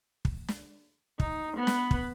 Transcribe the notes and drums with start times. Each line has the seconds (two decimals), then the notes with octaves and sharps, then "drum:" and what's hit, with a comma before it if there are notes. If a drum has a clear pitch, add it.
0.25 drum: kick
0.48 drum: snare
1.20 D#4, drum: kick
1.57 B3 B4
1.67 drum: snare
1.91 drum: kick